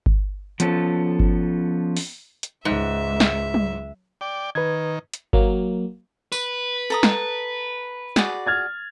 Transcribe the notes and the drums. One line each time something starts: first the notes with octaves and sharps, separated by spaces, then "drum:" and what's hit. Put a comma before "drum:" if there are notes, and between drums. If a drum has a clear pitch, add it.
drum: kick G1
F3 B3 C#4 F4 A4, drum: hi-hat
drum: kick G1
drum: open hi-hat
drum: hi-hat
C#2 G#2 G#3 E5
drum: snare
drum: tom
D5 G5
D#3 B4 G#6
drum: hi-hat
F#3 A#3, drum: kick G1
B4, drum: tambourine
A4 A#5 D#6
drum: snare
F#4 G#4 D5, drum: snare
F6 G#6 A6